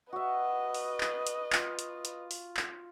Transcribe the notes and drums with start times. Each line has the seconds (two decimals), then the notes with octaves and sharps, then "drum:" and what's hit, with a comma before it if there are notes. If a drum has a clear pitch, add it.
0.13 F#4 B4 D#5 E5
0.74 drum: open hi-hat
1.01 drum: clap
1.27 drum: hi-hat
1.53 F4, drum: clap
1.79 drum: hi-hat
2.05 drum: hi-hat
2.31 drum: open hi-hat
2.57 drum: clap